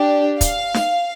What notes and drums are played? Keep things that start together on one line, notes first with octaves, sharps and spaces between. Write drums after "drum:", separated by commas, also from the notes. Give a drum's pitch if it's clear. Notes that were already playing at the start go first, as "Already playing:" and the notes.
Already playing: D4 G4
F5, drum: kick, hi-hat
drum: snare